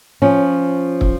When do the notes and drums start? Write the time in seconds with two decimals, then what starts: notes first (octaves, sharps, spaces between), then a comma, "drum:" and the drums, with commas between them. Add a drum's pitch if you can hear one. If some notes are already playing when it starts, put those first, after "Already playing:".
0.22 F3 C#4
1.01 drum: kick